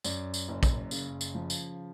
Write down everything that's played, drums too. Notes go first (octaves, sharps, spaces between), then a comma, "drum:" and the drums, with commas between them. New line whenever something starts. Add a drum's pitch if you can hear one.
F#2 D5, drum: tambourine
drum: tambourine
F#1
drum: kick, tambourine
C#3, drum: tambourine
drum: tambourine
F3
drum: tambourine